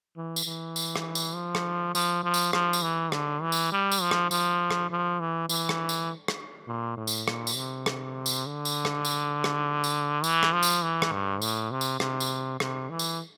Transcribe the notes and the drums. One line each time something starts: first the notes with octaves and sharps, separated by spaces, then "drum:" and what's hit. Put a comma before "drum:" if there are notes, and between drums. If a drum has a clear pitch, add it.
E3
drum: tambourine
E3
drum: tambourine
drum: rim click
drum: tambourine
F3
drum: rim click
F3, drum: tambourine
F3
drum: tambourine
F3, drum: rim click
drum: tambourine
E3
D3, drum: rim click
E3
drum: tambourine
G3
drum: tambourine
F3
drum: rim click
F3, drum: tambourine
drum: rim click
F3
E3
E3, drum: tambourine
drum: rim click
drum: tambourine
drum: rim click
A#2
A2
drum: tambourine
A#2, drum: rim click
drum: tambourine
C3
drum: rim click
drum: tambourine
D3
drum: tambourine
drum: rim click
drum: tambourine
drum: rim click
drum: tambourine
E3, drum: tambourine
drum: rim click
F3
drum: tambourine
E3
drum: rim click
G2
A2, drum: tambourine
C3
drum: tambourine
C3, drum: rim click
drum: tambourine
C3, drum: rim click
E3
drum: tambourine